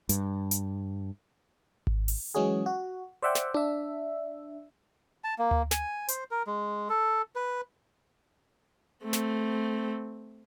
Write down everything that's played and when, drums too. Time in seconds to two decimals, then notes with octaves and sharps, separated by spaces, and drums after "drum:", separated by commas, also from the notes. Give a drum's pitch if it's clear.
0.09 G2, drum: hi-hat
0.51 drum: hi-hat
1.87 drum: kick G#1
2.08 drum: open hi-hat
2.35 E3 F#3 G#3 C#4 F#4 G#4
2.66 F#4
3.22 C5 D5 E5 F#5 G5
3.35 drum: snare
3.54 D4 E5, drum: tom D4
5.24 A5
5.38 A#3
5.51 drum: tom D2
5.71 G#5, drum: snare
6.08 C5, drum: hi-hat
6.31 A#4
6.47 G#3
6.89 A4
7.35 B4
9.04 A3 C4
9.13 drum: snare